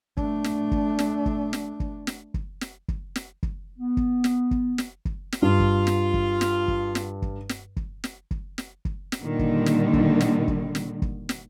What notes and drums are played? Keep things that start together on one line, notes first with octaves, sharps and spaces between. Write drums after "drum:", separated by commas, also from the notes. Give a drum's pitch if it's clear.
A3 D4, drum: kick
drum: snare
drum: kick
drum: snare
drum: kick
drum: snare
drum: kick
drum: snare
drum: kick
drum: snare
drum: kick
drum: snare
drum: kick
B3
drum: kick
drum: snare
drum: kick
drum: snare
drum: kick
drum: snare
G2 F4
drum: kick
drum: snare
drum: kick
drum: snare
drum: kick
drum: snare
drum: kick
drum: snare
drum: kick
drum: snare
drum: kick
drum: snare
drum: kick
drum: snare
A#2 D3 D#3 G3
drum: kick
drum: snare
drum: kick
drum: snare
drum: kick
drum: snare
drum: kick
drum: snare